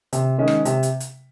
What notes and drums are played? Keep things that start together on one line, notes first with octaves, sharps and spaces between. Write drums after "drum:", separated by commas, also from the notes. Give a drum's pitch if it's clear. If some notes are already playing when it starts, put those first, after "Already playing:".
C3, drum: hi-hat
D#3 G#3 C#4
drum: rim click
C3, drum: hi-hat
drum: hi-hat
drum: hi-hat